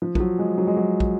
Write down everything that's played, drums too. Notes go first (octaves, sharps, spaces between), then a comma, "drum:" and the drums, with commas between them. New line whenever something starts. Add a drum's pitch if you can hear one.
F3
F3, drum: kick
F#3
G#3
F#3
G#3
F#3
drum: kick